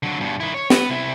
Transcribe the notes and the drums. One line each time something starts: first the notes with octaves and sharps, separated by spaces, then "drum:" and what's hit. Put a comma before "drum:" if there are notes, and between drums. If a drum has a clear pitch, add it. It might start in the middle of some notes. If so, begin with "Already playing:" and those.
D3 F#3
G2 B2
D#3 E4
C#5
B3 B4, drum: snare
C3 E4